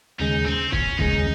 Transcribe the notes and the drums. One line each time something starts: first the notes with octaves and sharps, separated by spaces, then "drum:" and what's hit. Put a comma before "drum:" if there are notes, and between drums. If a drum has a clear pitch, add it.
D#2 C#3 G#3 D#4
C4
C#4, drum: kick
D#2 C#3 G#3 D#4, drum: kick